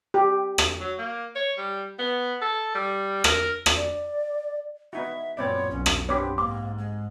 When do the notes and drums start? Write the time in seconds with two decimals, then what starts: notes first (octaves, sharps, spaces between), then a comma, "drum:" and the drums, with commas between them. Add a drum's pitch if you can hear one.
0.14 G4
0.58 drum: rim click
0.80 F#3
0.98 A#3
1.36 C#5
1.58 G3
1.99 B3
2.41 A4
2.75 G3
3.24 A#4, drum: rim click
3.66 drum: rim click
3.76 D5
4.93 B3 D#4 F#4 E5
5.37 F#2 A#2 B3 C4 C#5 D5
5.71 B1 C#4
5.86 drum: rim click
6.09 F#2 B3 C4 D4 G4 C#5 D6 B6
6.38 G#2 A#3 C6 D6
6.78 G#3